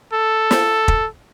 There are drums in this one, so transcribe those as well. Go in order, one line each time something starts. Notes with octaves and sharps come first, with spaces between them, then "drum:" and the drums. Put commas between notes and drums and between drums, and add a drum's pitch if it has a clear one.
A4
drum: snare
drum: kick